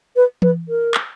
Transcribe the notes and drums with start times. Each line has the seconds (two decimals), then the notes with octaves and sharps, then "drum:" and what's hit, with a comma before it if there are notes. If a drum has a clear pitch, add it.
0.16 B4
0.42 B4, drum: tom E3
0.68 A#4
0.94 drum: clap